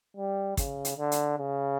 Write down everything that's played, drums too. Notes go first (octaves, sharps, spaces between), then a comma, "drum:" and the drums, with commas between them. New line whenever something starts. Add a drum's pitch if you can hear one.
G3
C#3, drum: kick, hi-hat
drum: hi-hat
D3
drum: hi-hat
C#3